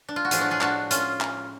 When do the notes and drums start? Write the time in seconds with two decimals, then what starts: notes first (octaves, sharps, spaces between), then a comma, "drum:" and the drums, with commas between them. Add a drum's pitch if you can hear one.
0.09 D4
0.16 F4
0.25 F#4
0.31 A2 F3 G#3 F4 G#4, drum: hi-hat
0.41 D4 F#4
0.51 F4 G#4
0.61 D4 F#4, drum: clap
0.91 C#4 F4, drum: hi-hat
1.21 drum: clap